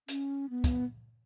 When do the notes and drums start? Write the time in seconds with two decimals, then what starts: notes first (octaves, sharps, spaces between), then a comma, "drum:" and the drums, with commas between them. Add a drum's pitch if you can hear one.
0.08 C#4, drum: hi-hat
0.50 B3
0.64 drum: kick, hi-hat